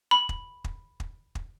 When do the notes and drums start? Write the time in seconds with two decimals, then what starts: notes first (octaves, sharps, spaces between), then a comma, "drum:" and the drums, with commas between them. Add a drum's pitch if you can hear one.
0.11 B5
0.29 drum: kick
0.64 drum: kick
1.00 drum: kick
1.35 drum: kick